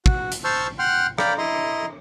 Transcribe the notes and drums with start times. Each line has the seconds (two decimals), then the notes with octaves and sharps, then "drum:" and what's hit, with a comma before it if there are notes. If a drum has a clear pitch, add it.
0.06 F#4, drum: kick
0.32 drum: hi-hat
0.44 C5 A5 C#6 E6 F6 G6
0.79 F#5 G5 C6 F6 F#6
1.18 D5 F5 G5 A#5 B5, drum: rim click
1.38 E4 D#5 A#5 C6